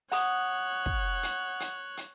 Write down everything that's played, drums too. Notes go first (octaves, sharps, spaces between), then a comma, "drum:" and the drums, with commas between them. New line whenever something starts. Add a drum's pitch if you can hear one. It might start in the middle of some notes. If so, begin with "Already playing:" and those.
C#5 F#5 D#6 F#6, drum: open hi-hat
drum: kick
drum: hi-hat
drum: hi-hat
drum: hi-hat